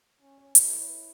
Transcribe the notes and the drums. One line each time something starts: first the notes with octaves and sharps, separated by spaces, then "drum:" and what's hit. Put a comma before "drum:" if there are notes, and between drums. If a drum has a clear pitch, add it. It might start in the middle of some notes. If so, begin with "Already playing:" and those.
C#4
C#5
E4 B4, drum: hi-hat
A4
C#5
B4